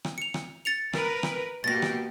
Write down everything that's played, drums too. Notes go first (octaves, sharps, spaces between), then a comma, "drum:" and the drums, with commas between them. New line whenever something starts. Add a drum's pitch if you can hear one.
drum: rim click
C#7 F7
drum: rim click
A6 C#7 F7
A#4 B4, drum: rim click
drum: rim click
B2 A#3 G4 A6 A#6
drum: rim click